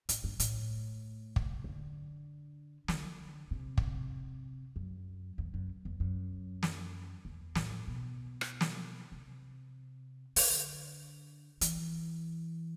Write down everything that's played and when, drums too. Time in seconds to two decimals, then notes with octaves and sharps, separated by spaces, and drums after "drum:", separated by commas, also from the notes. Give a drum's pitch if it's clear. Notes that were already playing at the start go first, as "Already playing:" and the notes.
0.09 A2, drum: hi-hat
0.24 G2
0.40 A2, drum: hi-hat
1.36 drum: kick
1.64 D3
2.88 D3, drum: snare
3.51 C3
3.77 drum: kick
4.76 F#2
5.38 E2
5.54 F#2
5.85 E2
6.00 F#2
6.63 drum: snare
7.25 E2
7.55 A2, drum: snare
7.88 B2
8.41 drum: rim click
8.61 drum: snare
9.12 C3
10.36 D3, drum: open hi-hat
11.61 E3, drum: hi-hat